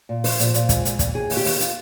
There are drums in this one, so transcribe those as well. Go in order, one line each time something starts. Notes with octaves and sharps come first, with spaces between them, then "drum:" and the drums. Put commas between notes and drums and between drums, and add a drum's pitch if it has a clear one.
A#2
F3 C5, drum: open hi-hat
A#2, drum: hi-hat
A#2, drum: hi-hat
G#3, drum: kick, hi-hat
A#2, drum: hi-hat
A#2, drum: kick, hi-hat
D#2 G#4
D#2, drum: open hi-hat
G4
D#2, drum: open hi-hat
F4, drum: hi-hat